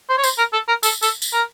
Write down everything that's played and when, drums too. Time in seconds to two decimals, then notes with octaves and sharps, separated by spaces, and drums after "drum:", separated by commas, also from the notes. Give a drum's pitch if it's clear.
0.09 C5
0.18 C#5
0.24 C5, drum: tambourine
0.38 A#4
0.53 A4
0.68 A#4
0.83 A4, drum: tambourine
1.02 A4, drum: tambourine
1.22 drum: tambourine
1.33 A#4